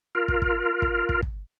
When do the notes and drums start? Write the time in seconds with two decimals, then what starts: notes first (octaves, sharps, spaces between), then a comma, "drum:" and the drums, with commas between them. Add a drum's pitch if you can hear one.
0.15 F4 A#4
0.28 drum: kick
0.42 drum: kick
0.82 drum: kick
1.09 drum: kick
1.22 drum: kick